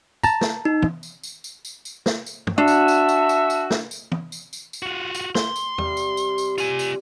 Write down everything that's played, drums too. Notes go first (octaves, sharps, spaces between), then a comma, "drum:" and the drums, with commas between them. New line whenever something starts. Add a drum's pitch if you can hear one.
A5 A#5, drum: tambourine
drum: snare
D#4
drum: tom
drum: tambourine
drum: tambourine
drum: tambourine
drum: tambourine
drum: tambourine
drum: snare
drum: tambourine
drum: tom
D4 F#4 E5 A5
drum: tambourine
drum: tambourine
drum: tambourine
drum: tambourine
drum: tambourine
drum: snare
drum: tambourine
drum: tom
drum: tambourine
drum: tambourine
drum: tambourine
F4 F#4
drum: tambourine
C6, drum: snare
drum: tambourine
C3 G3 F5, drum: tom
drum: tambourine
drum: tambourine
drum: tambourine
F4 G#5, drum: tambourine
drum: tambourine